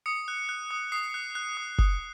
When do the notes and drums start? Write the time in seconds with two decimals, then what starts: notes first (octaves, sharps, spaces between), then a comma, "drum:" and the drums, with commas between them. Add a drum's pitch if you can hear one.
0.06 D#6 C#7
0.28 F#6
0.49 F#6
0.71 D#6
0.92 D#6 C7
1.14 F#6
1.35 F#6
1.57 D#6
1.78 D#6, drum: kick F#1